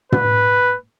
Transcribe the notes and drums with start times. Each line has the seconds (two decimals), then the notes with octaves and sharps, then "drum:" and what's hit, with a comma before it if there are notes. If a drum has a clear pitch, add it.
0.12 B4, drum: tom